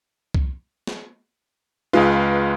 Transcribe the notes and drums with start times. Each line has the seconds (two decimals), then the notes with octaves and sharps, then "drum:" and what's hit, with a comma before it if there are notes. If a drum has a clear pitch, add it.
0.34 drum: kick C2
0.87 drum: snare
1.93 C#2 G#3 F4 B4